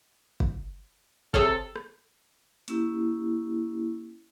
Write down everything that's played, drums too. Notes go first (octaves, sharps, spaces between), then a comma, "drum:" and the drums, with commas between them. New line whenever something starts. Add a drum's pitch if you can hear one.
drum: kick
C3 G#4 A4 C#5 F6, drum: kick
drum: rim click
A#3 C#4 E4 G4, drum: hi-hat